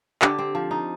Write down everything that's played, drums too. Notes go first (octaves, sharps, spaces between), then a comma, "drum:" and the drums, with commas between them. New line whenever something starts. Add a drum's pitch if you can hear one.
D3 G4, drum: clap
C4
F3
D#4